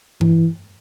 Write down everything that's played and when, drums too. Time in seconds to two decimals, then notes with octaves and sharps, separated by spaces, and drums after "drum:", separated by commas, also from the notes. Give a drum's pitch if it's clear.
0.21 E3, drum: tom G2